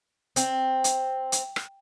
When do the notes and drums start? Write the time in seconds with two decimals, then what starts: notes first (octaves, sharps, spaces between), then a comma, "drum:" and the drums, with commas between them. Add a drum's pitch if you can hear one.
0.36 C4, drum: hi-hat
0.84 drum: hi-hat
1.32 drum: hi-hat
1.56 drum: rim click